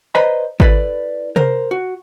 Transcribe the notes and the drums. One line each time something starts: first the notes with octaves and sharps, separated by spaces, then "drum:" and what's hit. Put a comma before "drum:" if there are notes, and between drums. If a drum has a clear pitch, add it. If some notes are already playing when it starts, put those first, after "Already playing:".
B4 C5 D5 D#5 A#5 B5
E4 A4 B4 D5, drum: kick G#1
A#4 C5, drum: tom C3
F#4